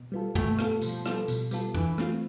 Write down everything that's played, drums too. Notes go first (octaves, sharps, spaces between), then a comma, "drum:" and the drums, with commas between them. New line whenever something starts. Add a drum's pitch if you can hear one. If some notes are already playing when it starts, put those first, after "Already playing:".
Already playing: B2
G3 B3 F4 A4
B2 A3, drum: tom
G3 B3 F4 A4, drum: rim click
B2 F3, drum: tambourine
G3 B3 F4 A4, drum: rim click
B2, drum: tambourine
G3 B3 F4 A4, drum: tambourine
D3 E3, drum: tom
A3 C4 F4, drum: rim click